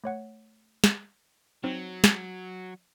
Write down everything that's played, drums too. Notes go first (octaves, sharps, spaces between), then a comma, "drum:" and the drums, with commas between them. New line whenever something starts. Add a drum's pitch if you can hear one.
A3 C#5 F#5
drum: snare
F#3 C4 D#4 C5
drum: snare